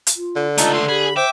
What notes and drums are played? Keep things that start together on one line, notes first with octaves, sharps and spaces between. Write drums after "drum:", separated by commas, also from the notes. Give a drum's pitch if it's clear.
drum: hi-hat
F4
D3
C#2 A3 D#4 F4 A4, drum: hi-hat
C6
G4 G#4 B5
C5 E5 G5 D6